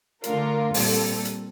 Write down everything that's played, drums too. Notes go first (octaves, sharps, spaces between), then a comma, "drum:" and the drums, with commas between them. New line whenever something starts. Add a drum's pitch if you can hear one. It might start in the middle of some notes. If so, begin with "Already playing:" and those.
D3 A3 D4 F4 A#4, drum: hi-hat
A#2 G3 C4 A4, drum: open hi-hat
drum: hi-hat